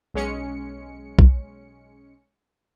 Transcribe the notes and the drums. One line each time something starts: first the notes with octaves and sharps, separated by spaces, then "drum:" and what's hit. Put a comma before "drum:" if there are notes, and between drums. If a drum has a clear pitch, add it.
B1 G#3 C#4 C#7
drum: kick